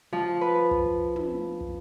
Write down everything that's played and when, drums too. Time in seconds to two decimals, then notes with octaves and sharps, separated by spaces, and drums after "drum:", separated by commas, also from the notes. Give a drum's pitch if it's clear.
0.13 F3
0.41 B4
0.71 drum: kick
0.86 drum: kick
1.16 drum: tom
1.61 drum: kick